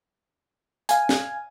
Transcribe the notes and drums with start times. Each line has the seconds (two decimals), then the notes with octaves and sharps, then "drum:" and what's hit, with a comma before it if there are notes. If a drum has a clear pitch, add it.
0.89 F5 G#5, drum: hi-hat
1.09 drum: snare